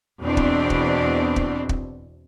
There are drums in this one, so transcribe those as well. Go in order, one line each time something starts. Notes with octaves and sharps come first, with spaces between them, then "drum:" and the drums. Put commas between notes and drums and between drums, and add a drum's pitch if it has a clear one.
E2 B2 C4 D4
drum: kick
drum: kick
drum: kick
drum: kick